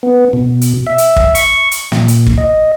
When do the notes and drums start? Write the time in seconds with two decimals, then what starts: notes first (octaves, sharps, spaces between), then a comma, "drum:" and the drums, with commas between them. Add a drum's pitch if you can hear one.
0.03 B3
0.33 B2
0.61 drum: hi-hat
0.87 E5
0.98 drum: hi-hat
1.16 drum: kick
1.35 C#6, drum: hi-hat
1.71 drum: hi-hat
1.92 A#2, drum: snare
2.08 drum: hi-hat
2.26 drum: kick
2.38 D#5